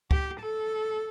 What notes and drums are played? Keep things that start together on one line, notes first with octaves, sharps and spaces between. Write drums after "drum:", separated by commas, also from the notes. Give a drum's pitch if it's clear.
G4, drum: kick C#2
A4